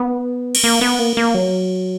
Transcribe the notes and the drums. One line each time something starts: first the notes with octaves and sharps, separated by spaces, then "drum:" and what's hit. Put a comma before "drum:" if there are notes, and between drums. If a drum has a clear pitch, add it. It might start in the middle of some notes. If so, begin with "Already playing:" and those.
Already playing: B3
drum: cymbal
A#3
B3
A#3
A#3
F#3